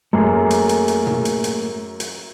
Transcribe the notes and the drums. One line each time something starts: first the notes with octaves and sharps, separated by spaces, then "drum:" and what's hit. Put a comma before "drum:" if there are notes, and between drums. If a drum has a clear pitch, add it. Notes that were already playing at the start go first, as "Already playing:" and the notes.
F#2 A3 A#3 G#4
drum: hi-hat
drum: hi-hat
drum: hi-hat
drum: tom
drum: hi-hat
drum: hi-hat
drum: hi-hat